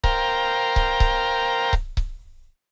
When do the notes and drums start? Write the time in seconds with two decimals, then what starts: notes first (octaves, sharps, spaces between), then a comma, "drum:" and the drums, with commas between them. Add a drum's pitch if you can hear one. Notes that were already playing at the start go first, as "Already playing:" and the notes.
0.04 A#4 C5 F5 G5 A#5, drum: kick C#1
0.76 drum: kick C#1
1.00 drum: kick C#1
1.73 drum: kick C#1
1.97 drum: kick C#1